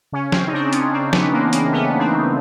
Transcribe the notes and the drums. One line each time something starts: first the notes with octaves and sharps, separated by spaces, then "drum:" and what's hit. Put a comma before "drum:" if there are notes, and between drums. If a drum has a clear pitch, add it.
C#3 C#4
C4, drum: snare
D#4
C#3 D4
C#4, drum: hi-hat
C#3 C4
B3, drum: snare
E3 A#3
A#3, drum: hi-hat
A3 B3
C4
C#3